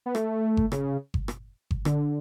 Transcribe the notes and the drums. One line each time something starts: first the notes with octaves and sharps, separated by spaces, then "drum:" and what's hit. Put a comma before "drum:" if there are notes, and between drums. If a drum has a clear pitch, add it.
B3
A3, drum: rim click
drum: kick G1
C#3, drum: rim click
drum: kick G1
drum: rim click
drum: kick G1
D3, drum: rim click